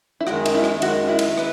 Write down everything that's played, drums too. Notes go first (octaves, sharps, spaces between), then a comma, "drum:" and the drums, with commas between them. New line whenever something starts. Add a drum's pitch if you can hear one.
E4
F#2 D#3 G#3 F#4, drum: rim click
drum: cymbal
E4
drum: rim click
F#2 D#3 G#3 F#4, drum: cymbal
E4
drum: cymbal
B4, drum: rim click